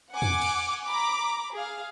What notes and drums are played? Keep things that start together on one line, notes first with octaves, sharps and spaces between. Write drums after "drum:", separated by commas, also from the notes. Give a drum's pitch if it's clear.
F#5 G#5 D6
drum: tom
drum: cymbal
A#5 B5 D6
G#4 F5